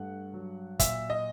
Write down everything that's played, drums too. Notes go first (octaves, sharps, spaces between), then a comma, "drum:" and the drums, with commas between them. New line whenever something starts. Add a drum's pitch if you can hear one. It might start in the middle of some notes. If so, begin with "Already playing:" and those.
Already playing: G2 A3 F#5
F#3
A#2 E5, drum: kick, hi-hat
D#5